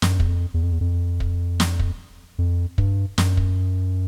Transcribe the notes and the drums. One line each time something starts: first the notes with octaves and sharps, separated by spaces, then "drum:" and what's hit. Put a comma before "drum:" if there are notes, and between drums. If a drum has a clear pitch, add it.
F#2, drum: snare
E2, drum: kick
F2
E2
F2
E2
F2
drum: kick
drum: snare
drum: kick
F2
G2, drum: kick
F#2, drum: snare
drum: kick